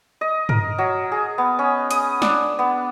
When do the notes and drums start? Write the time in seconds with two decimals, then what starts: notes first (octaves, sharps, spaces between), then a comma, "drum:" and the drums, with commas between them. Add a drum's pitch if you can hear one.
0.21 D#5
0.49 A#4, drum: tom
0.78 F#3
1.12 G#4
1.38 B3
1.59 C#4
1.91 D#6, drum: hi-hat
2.22 D4, drum: snare
2.59 B3